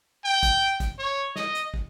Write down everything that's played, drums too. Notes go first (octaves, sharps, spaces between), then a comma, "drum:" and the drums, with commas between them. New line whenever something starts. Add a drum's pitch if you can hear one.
G5
drum: kick, hi-hat
drum: kick, hi-hat
C#5
D#5, drum: snare
drum: hi-hat
drum: kick